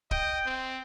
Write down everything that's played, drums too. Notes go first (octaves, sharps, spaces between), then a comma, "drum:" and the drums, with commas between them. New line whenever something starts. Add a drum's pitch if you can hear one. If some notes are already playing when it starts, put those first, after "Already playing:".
D#5 G5, drum: kick
C4